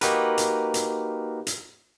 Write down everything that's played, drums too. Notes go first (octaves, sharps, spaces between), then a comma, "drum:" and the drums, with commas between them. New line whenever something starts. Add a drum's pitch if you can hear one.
A#3 D#4 F#4 G4 A#4 B4, drum: hi-hat
drum: hi-hat
drum: hi-hat
drum: hi-hat